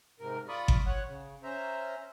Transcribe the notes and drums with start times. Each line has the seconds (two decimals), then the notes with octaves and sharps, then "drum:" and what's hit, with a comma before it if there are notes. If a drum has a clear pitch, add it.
0.20 G#2 C3 A#4
0.49 F4 D5 B5 C#6 D#6
0.68 drum: kick G1
0.86 C#5 F#5
1.06 C#3
1.43 C#4 C5 E5 A#5